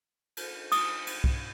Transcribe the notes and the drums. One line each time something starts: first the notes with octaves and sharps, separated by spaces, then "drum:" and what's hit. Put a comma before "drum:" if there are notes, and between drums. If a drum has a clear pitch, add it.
drum: cymbal
D#6, drum: cymbal
drum: cymbal
drum: kick